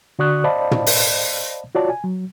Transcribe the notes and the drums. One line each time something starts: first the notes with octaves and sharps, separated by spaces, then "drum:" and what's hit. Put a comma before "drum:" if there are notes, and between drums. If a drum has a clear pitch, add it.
D3 F#4 D5 C#6 D#6 F#6
C5 D5 D#5 F5 A5 B5
drum: tom
drum: open hi-hat
F4 F#4 C#5 D5 A5
G#5
F#3